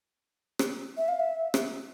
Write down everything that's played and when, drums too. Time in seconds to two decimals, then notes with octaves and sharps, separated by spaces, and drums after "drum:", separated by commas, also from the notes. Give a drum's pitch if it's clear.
0.59 drum: rim click
0.97 E5
1.08 F5
1.20 E5
1.54 drum: rim click